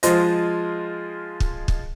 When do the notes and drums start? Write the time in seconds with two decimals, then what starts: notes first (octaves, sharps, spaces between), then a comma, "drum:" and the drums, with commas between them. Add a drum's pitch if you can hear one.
0.03 F3 G#3 F4 C5 D#5, drum: hi-hat
1.40 drum: kick
1.68 drum: kick